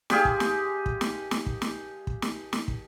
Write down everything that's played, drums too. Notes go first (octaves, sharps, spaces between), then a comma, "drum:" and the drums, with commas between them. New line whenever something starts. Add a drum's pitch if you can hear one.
G#3 G4 G#4 F5, drum: snare
drum: kick
drum: snare
drum: kick
drum: snare
drum: snare
drum: kick
drum: snare
drum: kick
drum: snare
drum: snare
drum: kick